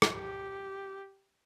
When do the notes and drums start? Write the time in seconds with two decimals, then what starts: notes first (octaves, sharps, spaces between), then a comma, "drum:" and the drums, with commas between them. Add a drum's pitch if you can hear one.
0.02 drum: rim click
0.13 G4